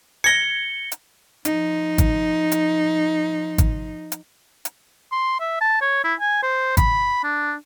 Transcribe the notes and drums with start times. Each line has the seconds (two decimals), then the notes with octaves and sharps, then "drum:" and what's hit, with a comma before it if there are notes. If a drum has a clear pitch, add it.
0.24 G#6 A#6 C#7 G7
0.92 drum: hi-hat
1.45 F3 D#4, drum: hi-hat
1.98 drum: kick G#1, hi-hat
2.52 drum: hi-hat
3.58 drum: kick G#1, hi-hat
4.12 drum: hi-hat
4.65 drum: hi-hat
5.12 C6
5.40 E5
5.61 A5
5.82 C#5
6.04 E4
6.20 G#5
6.43 C5
6.77 B5, drum: kick G#1, hi-hat
7.24 D4